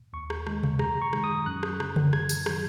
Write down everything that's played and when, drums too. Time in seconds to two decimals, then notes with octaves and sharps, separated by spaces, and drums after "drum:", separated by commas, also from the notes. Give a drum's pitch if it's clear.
0.13 D#2 C#6
0.30 drum: rim click
0.47 D#3 G#3, drum: rim click
0.63 drum: tom C3
0.79 F#2 A#5, drum: rim click
1.02 C#6
1.13 D#3 G#3, drum: rim click
1.24 D#6
1.46 F#2 F#6
1.63 drum: rim click
1.80 C#3 F#3, drum: rim click
1.96 drum: tom C#3
2.13 F#2 G#6, drum: rim click
2.29 drum: tambourine
2.46 D#3 F#3, drum: rim click